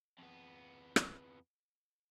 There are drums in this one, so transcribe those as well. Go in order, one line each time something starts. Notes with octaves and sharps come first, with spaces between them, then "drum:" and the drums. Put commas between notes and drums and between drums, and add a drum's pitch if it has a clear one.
F2 B3
drum: rim click